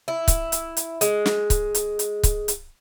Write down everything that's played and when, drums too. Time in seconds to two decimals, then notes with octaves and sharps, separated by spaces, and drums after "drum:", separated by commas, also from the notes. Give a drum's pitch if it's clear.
0.08 E4
0.28 drum: kick C#1, hi-hat
0.52 drum: hi-hat
0.77 drum: hi-hat
1.01 G#3, drum: hi-hat
1.26 drum: snare
1.50 drum: kick C#1, hi-hat
1.74 drum: hi-hat
1.99 drum: hi-hat
2.23 drum: kick C#1, hi-hat
2.48 drum: hi-hat